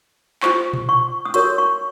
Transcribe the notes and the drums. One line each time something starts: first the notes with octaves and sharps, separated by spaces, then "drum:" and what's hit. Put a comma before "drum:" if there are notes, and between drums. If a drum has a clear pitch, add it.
F4 C5 C#6, drum: clap
drum: tom A#2
C#6
D#6
F#4 A#4 C#5 C#6, drum: hi-hat
C#6